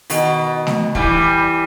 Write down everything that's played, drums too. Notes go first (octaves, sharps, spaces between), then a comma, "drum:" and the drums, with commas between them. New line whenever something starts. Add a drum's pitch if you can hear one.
B2 D#3, drum: open hi-hat
drum: snare A3
E3 G3, drum: kick